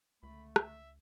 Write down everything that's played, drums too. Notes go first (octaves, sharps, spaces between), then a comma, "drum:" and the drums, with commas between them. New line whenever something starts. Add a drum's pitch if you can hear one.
C#2 D3 A3 B5
E5, drum: rim click